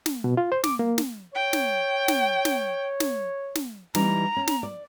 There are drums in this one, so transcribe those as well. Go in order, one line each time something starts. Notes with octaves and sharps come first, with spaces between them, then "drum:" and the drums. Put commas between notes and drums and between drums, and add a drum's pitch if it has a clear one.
drum: snare
B2
F4
C5
D6, drum: snare
A#3
drum: snare
C#5 G5
drum: snare
drum: snare
drum: snare
drum: snare
drum: snare
E3 G3 D#4 A#5, drum: snare
C#4
drum: snare
D5